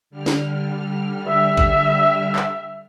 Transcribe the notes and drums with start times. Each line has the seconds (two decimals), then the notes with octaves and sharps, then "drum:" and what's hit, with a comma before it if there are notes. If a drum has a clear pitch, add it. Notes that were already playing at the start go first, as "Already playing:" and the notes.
0.10 D3 G3 F6
0.26 drum: snare
1.29 E5
1.57 drum: kick A1
2.36 drum: clap